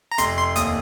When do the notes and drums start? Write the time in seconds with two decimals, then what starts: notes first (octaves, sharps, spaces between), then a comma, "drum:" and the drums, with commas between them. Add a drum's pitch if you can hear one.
0.11 A#5
0.18 F1 C6, drum: hi-hat
0.37 C6
0.56 D#2 D#6, drum: hi-hat